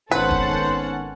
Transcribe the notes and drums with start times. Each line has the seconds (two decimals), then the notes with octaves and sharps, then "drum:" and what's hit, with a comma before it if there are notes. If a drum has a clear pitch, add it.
0.11 G#1 D#3 B3 C#4 A4 B4 C5 F#5, drum: hi-hat
0.31 drum: kick